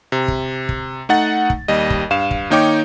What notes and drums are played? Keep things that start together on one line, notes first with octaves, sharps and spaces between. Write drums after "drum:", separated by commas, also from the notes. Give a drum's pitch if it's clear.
C3
drum: kick
drum: kick
A3 D#4 F#5 A6
drum: kick
D#2 G3 D#5
drum: kick
G2 F5 E7
drum: kick
D#3 A#3 D#4 C#5 G5 D6